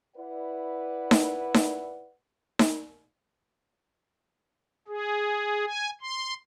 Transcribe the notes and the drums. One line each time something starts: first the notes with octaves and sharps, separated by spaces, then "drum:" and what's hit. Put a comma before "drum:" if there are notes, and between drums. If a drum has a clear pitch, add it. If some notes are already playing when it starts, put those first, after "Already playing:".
E4 B4 D5 F#5
drum: snare D#4
drum: snare D#4
drum: snare D#4
G#4
G#5
C6